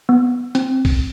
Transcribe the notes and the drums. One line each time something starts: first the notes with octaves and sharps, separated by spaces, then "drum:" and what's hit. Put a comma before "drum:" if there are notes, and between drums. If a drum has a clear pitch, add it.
B3
C4, drum: hi-hat
drum: kick, open hi-hat